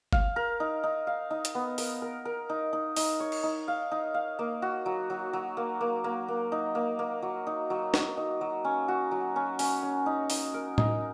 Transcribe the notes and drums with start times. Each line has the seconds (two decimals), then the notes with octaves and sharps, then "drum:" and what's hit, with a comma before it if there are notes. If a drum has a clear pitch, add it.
0.13 F5, drum: kick G1
0.36 A#4
0.60 D#4
0.84 D#4
1.07 F5
1.31 D#4
1.45 drum: hi-hat
1.55 B3
1.78 A#4, drum: open hi-hat
2.02 A#4
2.25 A#4
2.50 D#4
2.73 D#4
2.96 D#4, drum: open hi-hat
3.20 C#5
3.32 drum: cymbal
3.43 D#4
3.68 F5
3.91 D#4
4.14 F5
4.39 A#3
4.62 F#4
4.86 F#3
5.10 F#3
5.33 F#3
5.57 A#3
5.81 A#3
6.04 A#3
6.28 A#3
6.52 D#4
6.75 A#3
6.99 A#3
7.22 F#3
7.47 D#4
7.70 F#3
7.94 F#3, drum: snare
8.17 D#4
8.41 F#3
8.65 C#4
8.88 F#4
9.11 F#3
9.36 C#4
9.59 C#4, drum: open hi-hat
9.83 C#4
10.06 D#4
10.30 D#4, drum: open hi-hat
10.54 A#4
10.78 D#4, drum: tom A2